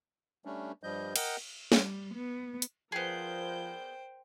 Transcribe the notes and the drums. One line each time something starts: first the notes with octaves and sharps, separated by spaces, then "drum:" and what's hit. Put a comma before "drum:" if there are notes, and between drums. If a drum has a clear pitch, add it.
G3 A3 C#4 D4
G2 F3 G3 D#5 G6
A#4 D#5 F#5 G5, drum: cymbal
G3, drum: snare
B3
drum: hi-hat
F3 B3 G#4 A#4 C5 D5 G5 G6